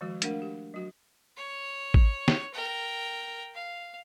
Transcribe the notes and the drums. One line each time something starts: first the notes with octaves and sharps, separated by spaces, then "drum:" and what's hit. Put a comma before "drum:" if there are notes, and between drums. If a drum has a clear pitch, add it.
D#3 F3 G#3 F#4
A3 D4 A#4 F5 F#5, drum: hi-hat
G4
F#3 F#4
C#5
drum: kick G#1
drum: snare
A#4 G5
F5